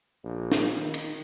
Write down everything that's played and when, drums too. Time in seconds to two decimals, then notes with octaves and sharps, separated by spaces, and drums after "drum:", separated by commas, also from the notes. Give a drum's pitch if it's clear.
0.24 A#1
0.52 drum: snare
0.78 D#3
0.94 drum: cymbal